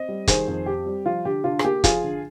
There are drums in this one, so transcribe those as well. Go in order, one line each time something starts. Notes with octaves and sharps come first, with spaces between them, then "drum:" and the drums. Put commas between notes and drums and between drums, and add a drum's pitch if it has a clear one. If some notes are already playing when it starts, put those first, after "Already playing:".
Already playing: C4 D#5
G3
D#3 G#4 C5, drum: kick, hi-hat
F2
C4 G4
G3
F3 F4
D3 G4
D3 F4
G#4, drum: rim click
A#3 G4
F3 F4 G#4, drum: kick, hi-hat
D3